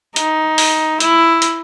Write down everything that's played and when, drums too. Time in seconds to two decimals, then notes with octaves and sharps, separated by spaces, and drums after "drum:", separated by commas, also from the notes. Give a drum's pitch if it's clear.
0.16 D#4, drum: hi-hat
0.58 drum: open hi-hat
1.00 E4, drum: hi-hat
1.42 drum: hi-hat